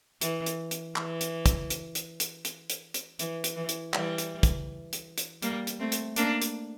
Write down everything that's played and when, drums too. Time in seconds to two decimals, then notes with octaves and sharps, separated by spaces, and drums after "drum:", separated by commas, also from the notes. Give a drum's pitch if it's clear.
0.21 E3, drum: hi-hat
0.46 drum: hi-hat
0.71 drum: hi-hat
0.96 E3, drum: clap
1.21 drum: hi-hat
1.46 drum: kick, hi-hat
1.70 drum: hi-hat
1.95 drum: hi-hat
2.20 drum: hi-hat
2.45 drum: hi-hat
2.70 drum: hi-hat
2.94 drum: hi-hat
3.19 E3, drum: hi-hat
3.44 drum: hi-hat
3.56 E3
3.69 drum: hi-hat
3.94 E3 G3, drum: clap
4.18 drum: hi-hat
4.43 drum: kick, hi-hat
4.93 drum: hi-hat
5.18 drum: hi-hat
5.42 G3 A#3, drum: hi-hat
5.67 drum: hi-hat
5.79 A3 C4
5.92 drum: hi-hat
6.16 A#3 D4, drum: hi-hat
6.42 drum: hi-hat